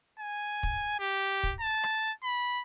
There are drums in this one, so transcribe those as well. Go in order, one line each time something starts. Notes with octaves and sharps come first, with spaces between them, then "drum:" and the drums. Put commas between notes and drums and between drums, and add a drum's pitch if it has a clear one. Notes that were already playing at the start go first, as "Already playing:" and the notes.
G#5
drum: kick
G4
drum: kick
A5
drum: rim click
B5